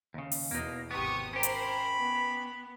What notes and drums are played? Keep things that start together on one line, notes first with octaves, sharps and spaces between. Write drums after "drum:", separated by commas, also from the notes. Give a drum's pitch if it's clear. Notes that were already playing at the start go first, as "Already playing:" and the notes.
D#2 C#3
drum: open hi-hat
E2 B2 A#3 D#4
G#1 C3 B3 G4 C#6 D#6
C#4 G4 A#4 C5 B5
drum: hi-hat
B3